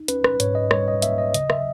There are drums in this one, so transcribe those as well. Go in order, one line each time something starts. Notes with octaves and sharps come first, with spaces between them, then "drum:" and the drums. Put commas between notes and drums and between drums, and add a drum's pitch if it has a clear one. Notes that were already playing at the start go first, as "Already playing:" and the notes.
Already playing: D#4
C#4 B4, drum: hi-hat
B4, drum: rim click
G#2 C#5, drum: hi-hat
D#5
G3 C#5, drum: rim click
D#5
A#3 E5, drum: hi-hat
D#5
C#3 D#5, drum: hi-hat
E5, drum: rim click